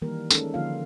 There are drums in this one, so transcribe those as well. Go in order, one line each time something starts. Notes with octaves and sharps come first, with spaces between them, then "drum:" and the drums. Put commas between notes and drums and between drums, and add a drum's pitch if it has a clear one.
D#3 E3 G3 A#3 A#4
G#3 C#4 D#4 A4, drum: tambourine
D3 F3 A#3 D4 F4 F5